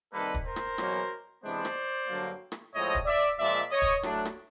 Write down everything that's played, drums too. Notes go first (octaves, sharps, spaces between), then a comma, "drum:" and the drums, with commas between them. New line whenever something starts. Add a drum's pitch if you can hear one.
C3 D#3 G3 A#3 A4 B4
drum: kick
A#4 C5
drum: rim click
E2 B2 F#3 A#3 C#4, drum: rim click
C3 E3 G#3 B3 D4 C5 D5
drum: rim click
G2 D3 F#3 A#3
drum: rim click
A2 F3 G#3 C4 C#5 D#5
drum: kick
D5 E5
A#2 F3 G#3 D5 E5
C#5 D#5
drum: kick
A2 F#3 A3 D4, drum: rim click
drum: rim click